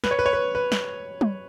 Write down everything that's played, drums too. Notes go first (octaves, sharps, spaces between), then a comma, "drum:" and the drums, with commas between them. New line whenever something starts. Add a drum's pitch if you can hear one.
B4, drum: snare
C#5
B4
C#5
B4
B4
drum: snare
drum: tom